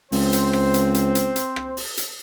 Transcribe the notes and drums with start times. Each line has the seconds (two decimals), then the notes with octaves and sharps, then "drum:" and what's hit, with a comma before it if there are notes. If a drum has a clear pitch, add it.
0.12 C#2 C4 C5, drum: open hi-hat
0.33 drum: hi-hat
0.53 drum: rim click
0.74 drum: hi-hat
0.94 drum: hi-hat
1.15 drum: hi-hat
1.36 drum: hi-hat
1.56 drum: rim click
1.77 drum: open hi-hat
1.97 drum: hi-hat